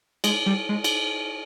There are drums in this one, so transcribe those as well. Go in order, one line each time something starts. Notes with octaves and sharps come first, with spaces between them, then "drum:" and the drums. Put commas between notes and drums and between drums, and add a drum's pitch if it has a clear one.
G#3, drum: cymbal
G3
G#3
drum: cymbal